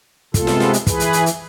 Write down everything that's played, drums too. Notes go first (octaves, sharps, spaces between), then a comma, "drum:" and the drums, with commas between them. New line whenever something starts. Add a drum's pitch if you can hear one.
C3 G#3 B3 F4 A4, drum: kick, hi-hat
drum: snare
drum: snare
drum: hi-hat
E3 G#4 B4, drum: kick, hi-hat
drum: hi-hat
drum: hi-hat
drum: hi-hat